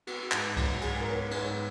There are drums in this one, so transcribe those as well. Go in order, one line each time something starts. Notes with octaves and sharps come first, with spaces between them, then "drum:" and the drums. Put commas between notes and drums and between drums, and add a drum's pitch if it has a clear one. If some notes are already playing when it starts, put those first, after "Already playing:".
B3 F#4, drum: cymbal
G#2, drum: clap
F#3, drum: kick C2, cymbal
G#2 G#4, drum: cymbal
A#4
B3 C#5
B4
G#2, drum: cymbal
C#5